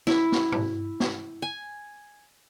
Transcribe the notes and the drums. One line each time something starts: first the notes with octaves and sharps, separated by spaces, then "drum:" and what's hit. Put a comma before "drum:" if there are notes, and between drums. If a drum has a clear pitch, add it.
E4, drum: snare
drum: snare
drum: tom
drum: snare
G#5